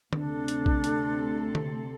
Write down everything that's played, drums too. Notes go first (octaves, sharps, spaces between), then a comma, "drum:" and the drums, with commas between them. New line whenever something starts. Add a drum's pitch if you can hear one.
D2 C3 A3 C4 D4 A4, drum: tom D3
drum: hi-hat
drum: kick A#1
drum: hi-hat
drum: tom D3